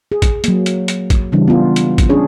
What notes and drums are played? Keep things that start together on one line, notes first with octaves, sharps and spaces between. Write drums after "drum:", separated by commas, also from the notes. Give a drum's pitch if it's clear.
G#4
drum: kick A1, hi-hat
F#3 A#3, drum: hi-hat
drum: hi-hat
drum: hi-hat
drum: kick A1, hi-hat
C#3 E3 G3 D4
B3 F4
drum: hi-hat
drum: kick A1, hi-hat
C#4 D4 G#4 C#5